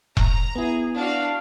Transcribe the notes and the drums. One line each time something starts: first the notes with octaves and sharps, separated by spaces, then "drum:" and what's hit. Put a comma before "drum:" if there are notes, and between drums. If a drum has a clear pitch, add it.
A#5, drum: kick E1
B3 E4 G#4
D4 F#4 F5